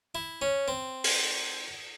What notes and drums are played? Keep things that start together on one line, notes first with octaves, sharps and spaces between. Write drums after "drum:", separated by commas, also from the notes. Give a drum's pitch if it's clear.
E4
C#4
C4
drum: open hi-hat